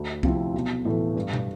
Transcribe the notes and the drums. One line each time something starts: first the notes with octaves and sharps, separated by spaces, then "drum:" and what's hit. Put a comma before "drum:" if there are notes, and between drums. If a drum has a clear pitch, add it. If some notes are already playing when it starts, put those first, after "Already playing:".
Already playing: D2
C3 F3 C4 E4, drum: kick C2
B1
A2 E3 A3
G2
drum: tom